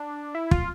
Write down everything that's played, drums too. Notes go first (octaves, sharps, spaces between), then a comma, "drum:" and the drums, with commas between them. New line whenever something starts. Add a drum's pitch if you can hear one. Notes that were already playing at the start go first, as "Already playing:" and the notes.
Already playing: D4
E4
F4, drum: kick